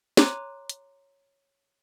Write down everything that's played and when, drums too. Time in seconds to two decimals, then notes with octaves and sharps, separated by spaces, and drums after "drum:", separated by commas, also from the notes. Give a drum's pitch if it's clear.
0.17 C#5 A#5 C6 D6 F#6 D#7, drum: snare
0.69 drum: hi-hat